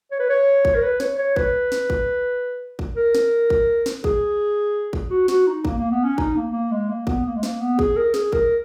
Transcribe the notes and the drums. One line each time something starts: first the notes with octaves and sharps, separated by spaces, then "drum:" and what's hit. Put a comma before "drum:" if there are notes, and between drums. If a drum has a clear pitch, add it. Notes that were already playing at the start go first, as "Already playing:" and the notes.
C#5
B4
C#5
drum: kick A1
A#4
B4
C#5, drum: snare
C#5
B4, drum: kick A1
drum: snare
drum: kick A1
drum: kick A1
A#4
drum: snare
drum: kick A1
drum: snare
G#4, drum: kick A1
drum: kick A1
F#4
F#4, drum: snare
D#4
A#3, drum: kick A1
A#3
B3
C#4
D#4, drum: kick A1
A#3
A#3
G#3
A#3
B3, drum: kick A1
A#3
G#3
A#3, drum: snare
B3
G#4, drum: kick A1
A#4
G#4, drum: snare
A#4, drum: kick A1